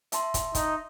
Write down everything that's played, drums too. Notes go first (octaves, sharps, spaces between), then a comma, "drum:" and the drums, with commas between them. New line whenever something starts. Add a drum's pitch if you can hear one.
E5 A5 C6, drum: hi-hat
drum: kick, hi-hat
D#4, drum: kick, hi-hat